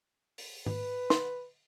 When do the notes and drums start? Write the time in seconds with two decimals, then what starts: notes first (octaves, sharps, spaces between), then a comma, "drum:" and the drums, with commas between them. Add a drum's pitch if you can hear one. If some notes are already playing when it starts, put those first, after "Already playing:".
0.38 drum: open hi-hat
0.66 B4, drum: tom G#2
1.10 C6, drum: snare